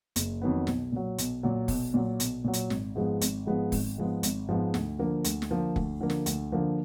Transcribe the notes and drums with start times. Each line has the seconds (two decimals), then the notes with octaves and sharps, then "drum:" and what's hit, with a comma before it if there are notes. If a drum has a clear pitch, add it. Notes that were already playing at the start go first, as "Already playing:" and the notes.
0.16 F#1, drum: hi-hat
0.42 F2 D#3 F#3 B3
0.67 B1, drum: snare
0.92 A#2 F#3
1.18 B1, drum: hi-hat
1.43 A#2 F#3
1.68 B1, drum: kick F1, open hi-hat
1.94 A#2 F#3
2.20 B1, drum: hi-hat
2.44 A#2 F#3
2.53 drum: hi-hat
2.70 G#1, drum: snare
2.95 G#2 F3 G#3 B3
3.21 G#1, drum: hi-hat
3.46 G#2 F3 G#3 B3
3.72 G#1, drum: kick F1, open hi-hat
3.98 G#2 F3 G#3 B3
4.23 G#1, drum: hi-hat
4.49 G#2 F3 G#3 B3
4.74 D2, drum: snare
4.99 D3 F3 A#3
5.24 D2, drum: hi-hat
5.42 drum: snare
5.51 D3 F3 A#3
5.76 D2, drum: kick F1
6.01 D3 F3 A#3
6.10 drum: snare
6.26 D2, drum: hi-hat
6.52 D3 F3 A#3